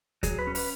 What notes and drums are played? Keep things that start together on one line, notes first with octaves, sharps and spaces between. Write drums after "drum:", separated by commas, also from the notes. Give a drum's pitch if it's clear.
F#3 G#4, drum: kick D2, hi-hat
B4
C#4
B4, drum: open hi-hat